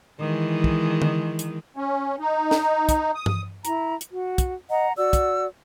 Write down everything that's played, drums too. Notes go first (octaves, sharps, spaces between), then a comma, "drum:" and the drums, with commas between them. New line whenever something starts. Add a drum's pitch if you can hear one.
D#3 E3 G#3
drum: kick
drum: tom D3
drum: hi-hat
C#4
D#4
drum: snare
drum: kick, hi-hat
D#6
drum: tom G2
E4 A#5, drum: hi-hat
drum: hi-hat
F#4
drum: kick, hi-hat
D#5 F#5 A#5
F#4 D5 E6
drum: kick, hi-hat